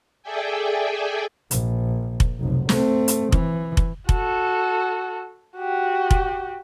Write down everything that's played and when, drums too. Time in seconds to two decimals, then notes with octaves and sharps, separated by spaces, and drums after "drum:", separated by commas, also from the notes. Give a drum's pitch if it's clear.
0.23 G#4 A4 D5 E5 G5 G#5
1.51 A#1, drum: hi-hat
2.20 drum: kick F1
2.38 F1 B1
2.69 A3 C4, drum: snare
3.08 drum: hi-hat
3.32 E3, drum: kick F1
3.77 drum: kick F1
4.09 F#4 A4, drum: kick F1
5.57 F#4 G4
6.11 drum: kick F1